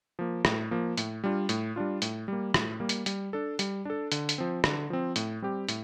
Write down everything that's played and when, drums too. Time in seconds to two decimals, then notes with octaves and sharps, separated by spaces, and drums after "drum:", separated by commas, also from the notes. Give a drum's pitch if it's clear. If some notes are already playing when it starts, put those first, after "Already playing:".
0.19 F3 A#3
0.45 A2, drum: rim click
0.71 F3 A#3
0.98 A2, drum: hi-hat
1.24 G3 D4 F4
1.49 A2, drum: hi-hat
1.76 G3 D4 F4
2.02 A2, drum: hi-hat
2.28 G3 A#3
2.54 A2, drum: rim click
2.80 G3 A#3
2.89 drum: hi-hat
3.06 G3, drum: hi-hat
3.33 D4 A4
3.59 G3, drum: hi-hat
3.85 D4 A4
4.12 D3, drum: hi-hat
4.29 drum: hi-hat
4.38 F3 C4
4.64 D3, drum: rim click
4.90 F3 C4
5.16 A2, drum: hi-hat
5.42 G3 C4 G4
5.69 A2, drum: hi-hat